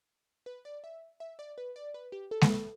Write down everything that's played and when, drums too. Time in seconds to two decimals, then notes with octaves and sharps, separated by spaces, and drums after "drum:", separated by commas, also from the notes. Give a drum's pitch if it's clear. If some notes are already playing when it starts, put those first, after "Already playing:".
0.46 B4
0.65 D5
0.84 E5
1.20 E5
1.39 D5
1.58 B4
1.76 D5
1.94 B4
2.12 G4
2.31 A4
2.41 B4, drum: snare G#3
2.50 A4